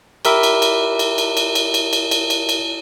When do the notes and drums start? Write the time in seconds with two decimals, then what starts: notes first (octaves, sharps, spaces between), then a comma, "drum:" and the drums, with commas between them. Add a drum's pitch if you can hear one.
0.25 G4 A#4 E5 B5 D6, drum: cymbal
0.43 drum: cymbal
0.62 drum: cymbal
0.99 drum: cymbal
1.18 drum: cymbal
1.37 drum: cymbal
1.55 drum: cymbal
1.74 drum: cymbal
1.93 drum: cymbal
2.11 drum: cymbal
2.30 drum: cymbal
2.49 drum: cymbal